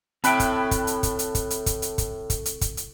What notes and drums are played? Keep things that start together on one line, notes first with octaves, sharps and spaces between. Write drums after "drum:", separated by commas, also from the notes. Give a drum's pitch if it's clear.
A2 C4 E5 G5 A5 B5 F#6, drum: hi-hat
drum: kick, hi-hat
drum: kick, hi-hat
drum: hi-hat
drum: kick, hi-hat
drum: hi-hat
drum: kick, hi-hat
drum: hi-hat
drum: kick, hi-hat
drum: hi-hat
drum: kick, hi-hat
drum: kick, hi-hat
drum: hi-hat
drum: kick, hi-hat
drum: hi-hat